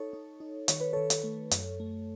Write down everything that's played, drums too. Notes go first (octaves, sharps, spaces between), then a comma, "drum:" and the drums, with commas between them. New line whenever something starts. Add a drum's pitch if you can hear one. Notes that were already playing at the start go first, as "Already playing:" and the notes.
Already playing: D#4 A4 C#5
D#4
D#4
D#3 C#5, drum: hi-hat
B4
D#3 A4 C#5
drum: hi-hat
A3
F#2, drum: hi-hat
A3